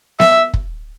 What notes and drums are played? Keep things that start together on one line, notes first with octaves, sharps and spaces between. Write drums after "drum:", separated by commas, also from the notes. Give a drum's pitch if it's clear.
E5, drum: snare B3
drum: kick